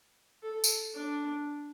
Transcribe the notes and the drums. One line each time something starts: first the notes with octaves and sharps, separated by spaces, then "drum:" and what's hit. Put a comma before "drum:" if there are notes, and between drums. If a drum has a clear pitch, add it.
A4
drum: tambourine
D4